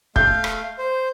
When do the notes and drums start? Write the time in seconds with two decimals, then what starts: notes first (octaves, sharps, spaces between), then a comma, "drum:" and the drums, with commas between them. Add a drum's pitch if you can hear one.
0.16 A3 F5 G6, drum: kick
0.44 drum: rim click
0.78 C5